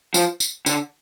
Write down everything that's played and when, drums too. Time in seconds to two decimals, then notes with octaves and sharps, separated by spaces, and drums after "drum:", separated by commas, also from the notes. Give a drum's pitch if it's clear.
0.14 F3, drum: tambourine
0.40 drum: tambourine
0.66 D3, drum: tambourine